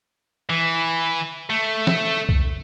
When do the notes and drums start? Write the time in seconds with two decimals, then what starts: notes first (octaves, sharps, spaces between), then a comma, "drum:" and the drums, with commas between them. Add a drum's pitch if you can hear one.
0.50 E3
1.50 A3
1.87 drum: snare
2.29 drum: kick C2